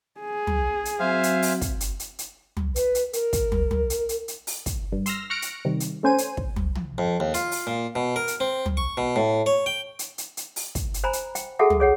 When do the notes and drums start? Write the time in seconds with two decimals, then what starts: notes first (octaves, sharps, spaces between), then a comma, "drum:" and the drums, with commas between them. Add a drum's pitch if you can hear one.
0.20 G#4
0.47 drum: tom
0.85 drum: hi-hat
1.00 F#3 C4 F#4 C5 E5 F5 G#5
1.23 drum: hi-hat
1.42 drum: open hi-hat
1.61 drum: kick, hi-hat
1.81 drum: hi-hat
2.00 drum: hi-hat
2.19 drum: hi-hat
2.57 drum: tom
2.76 B4, drum: hi-hat
2.95 drum: hi-hat
3.13 A#4, drum: hi-hat
3.33 drum: kick, hi-hat
3.52 drum: tom
3.71 drum: tom
3.90 drum: hi-hat
4.09 drum: hi-hat
4.28 drum: hi-hat
4.47 drum: open hi-hat
4.66 drum: kick, hi-hat
4.92 G2
5.06 C6 E6 F6 A#6, drum: hi-hat
5.30 C#6 F6 F#6 A#6 C#7 D7
5.42 drum: hi-hat
5.65 C3 D#3 G3
5.80 drum: hi-hat
6.03 A3 C#4 C5 G#5 D#7
6.18 drum: hi-hat
6.37 drum: kick
6.56 drum: tom
6.75 drum: tom
6.98 F2
7.20 D#2
7.34 F4, drum: hi-hat
7.52 drum: open hi-hat
7.67 A#2
7.95 B2
8.16 A#4
8.28 drum: hi-hat
8.40 C4
8.66 drum: tom
8.77 C#6
8.97 B2
9.16 A2
9.46 C#5
9.66 G5
9.99 drum: hi-hat
10.18 drum: hi-hat
10.37 drum: hi-hat
10.56 drum: open hi-hat
10.75 drum: kick, hi-hat
10.94 drum: hi-hat
11.04 C5 G#5 A#5 B5
11.13 drum: hi-hat
11.35 G5, drum: hi-hat
11.59 F#4 G#4 A4 E5 F#5 A5
11.70 drum: tom
11.80 G#4 C#5 F#5